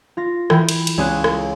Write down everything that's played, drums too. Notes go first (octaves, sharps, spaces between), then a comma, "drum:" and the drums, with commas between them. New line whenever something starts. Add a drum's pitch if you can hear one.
F4 A#6
E3 G5, drum: rim click
drum: cymbal
drum: cymbal
C#2 C#4 G#4 C#5 F#6
drum: rim click